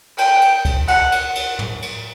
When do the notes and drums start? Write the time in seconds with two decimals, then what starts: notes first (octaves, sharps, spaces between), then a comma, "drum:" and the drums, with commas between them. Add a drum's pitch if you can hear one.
0.18 G5, drum: cymbal
0.41 drum: cymbal
0.65 drum: kick, cymbal
0.88 F#5, drum: cymbal
1.12 drum: cymbal
1.35 drum: cymbal
1.59 drum: tom
1.82 drum: cymbal